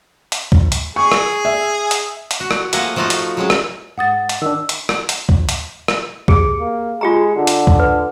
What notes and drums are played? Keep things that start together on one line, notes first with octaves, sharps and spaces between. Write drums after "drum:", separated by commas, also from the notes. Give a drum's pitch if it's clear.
drum: hi-hat
drum: kick
drum: hi-hat
G#4 C#6
drum: rim click
E5
drum: hi-hat
drum: hi-hat
F#4
drum: rim click
F3 A3 A#3 F#5 G#5 A#5, drum: hi-hat
F3 A3 D#4 F4 F#4
drum: hi-hat
F#3 G#3 C#4
drum: rim click
G#2 F#5 D#6 A6
drum: hi-hat
D#3 D4 E6
drum: hi-hat
drum: rim click
drum: hi-hat
drum: kick
drum: hi-hat
drum: rim click
G4 G#4, drum: kick
A#3
G#3 F4 G4 A#5
D3
drum: hi-hat
drum: kick
B4